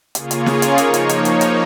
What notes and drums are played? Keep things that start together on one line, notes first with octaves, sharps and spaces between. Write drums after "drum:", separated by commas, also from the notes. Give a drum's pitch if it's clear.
C#3 A#3 F4 G#4 C#5, drum: hi-hat
drum: hi-hat
drum: snare
drum: hi-hat
F3 A#3 D#4 C#5, drum: hi-hat
drum: hi-hat
drum: hi-hat
drum: hi-hat
drum: hi-hat